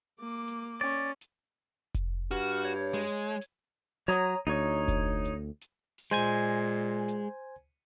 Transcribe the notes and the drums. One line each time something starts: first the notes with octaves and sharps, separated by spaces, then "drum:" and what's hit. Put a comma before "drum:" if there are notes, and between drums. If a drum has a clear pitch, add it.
A#3 D6
drum: hi-hat
C#4 D5
drum: hi-hat
drum: kick F1, hi-hat
G2 F#4 F6, drum: hi-hat
C#5
G#3
drum: open hi-hat
drum: hi-hat
F#3 C#5 A#5 D#6
D2 D#4 C#5
drum: kick F1, hi-hat
drum: hi-hat
drum: hi-hat
drum: open hi-hat
A#2 G#3 C5 G#5 G#6
drum: hi-hat